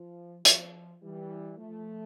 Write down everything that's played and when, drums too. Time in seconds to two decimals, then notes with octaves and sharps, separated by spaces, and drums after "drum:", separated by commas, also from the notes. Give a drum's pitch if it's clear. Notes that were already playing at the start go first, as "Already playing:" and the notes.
Already playing: F3
0.45 F3, drum: hi-hat
1.02 E3 G3
1.58 F3 A3